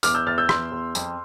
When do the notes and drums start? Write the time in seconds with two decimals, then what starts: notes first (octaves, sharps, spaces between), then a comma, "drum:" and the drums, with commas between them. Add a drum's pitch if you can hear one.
0.03 E2 D6 F6, drum: tambourine
0.14 E6 G6
0.26 E2 F6 A6
0.38 E6 G6
0.49 E2 C6 E6, drum: rim click
0.72 E2
0.95 F2, drum: tambourine